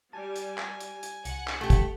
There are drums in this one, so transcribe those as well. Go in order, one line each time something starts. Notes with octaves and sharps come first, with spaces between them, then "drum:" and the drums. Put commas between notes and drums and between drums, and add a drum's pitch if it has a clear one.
G3 G#5 A5
drum: hi-hat
drum: clap
drum: hi-hat
drum: hi-hat
C2 F#5, drum: hi-hat
drum: clap
A3 G4
drum: kick, hi-hat